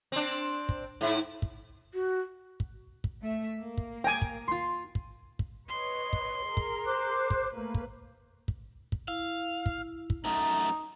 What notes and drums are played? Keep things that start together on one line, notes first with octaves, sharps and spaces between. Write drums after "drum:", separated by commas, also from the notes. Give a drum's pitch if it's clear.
C4 D4
drum: kick
G#2 E4
drum: kick
F#4
drum: kick
drum: kick
A3 E5
A#3
drum: kick
A#4 G5 G#5 D6
drum: kick
F4 C6
drum: kick
drum: kick
B4 C#5 D#5 C6
drum: kick
G#4 A#4
drum: kick
C5 D6 F#6
drum: kick
A3 A#3 B4
drum: kick
drum: kick
drum: kick
E4 F5
drum: kick
drum: kick
F#2 A3 D#4 A#5